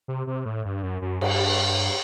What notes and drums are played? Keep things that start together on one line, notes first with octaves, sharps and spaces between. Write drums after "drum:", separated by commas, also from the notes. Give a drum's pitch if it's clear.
C3
C3
A2
G2
F#2
F#2
G2, drum: cymbal